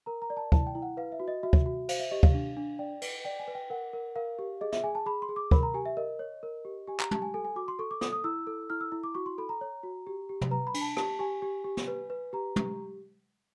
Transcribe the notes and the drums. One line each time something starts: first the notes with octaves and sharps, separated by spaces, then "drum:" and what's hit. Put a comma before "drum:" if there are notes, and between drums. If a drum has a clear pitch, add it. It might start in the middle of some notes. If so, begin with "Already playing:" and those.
A#4 A#5
A#5
D5
A5
E4 A5, drum: kick
G5
E4
F#5
B4 F5
E5
F#4
D#5
F#4 E5
drum: kick
F#4
C5 F5, drum: cymbal
E5
G4 D#5
F5, drum: kick
D4
D4
D5 G5
B4, drum: cymbal
D5 G5
G#5
B4
G5
A#4 F#5
A#4
A#4 F5
G4
G#4 D#5
E5, drum: snare
G#4 G#5
A5
G#4 B5
C6
G#4
D6
A#4 B5, drum: kick
A#5
G4 G#5
E5
A#4 D#5
C#5
A#4
G4
G4 G#5
A#5, drum: clap
G4 A5, drum: tom
G#5
A4 G#5
G#5
F#4 D6
C6
A4 C#6
D6
A4 D#6, drum: snare
D#6
E4 E6
A4
E4 F6
E6
E4
D6
F#4 C#6
C6
A4 B5
A#5
C#5
F#4
G4
G4
drum: tom
B4 A#5
B5
D4, drum: cymbal
A5
G4 A5, drum: rim click
G4 G#5
G4
G4
drum: snare
B4
B4
G4 A#5
G4, drum: tom